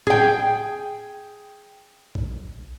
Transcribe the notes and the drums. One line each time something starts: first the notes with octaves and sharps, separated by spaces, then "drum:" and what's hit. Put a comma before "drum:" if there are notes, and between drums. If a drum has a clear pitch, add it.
G#4 G5, drum: tom A2
drum: kick A#1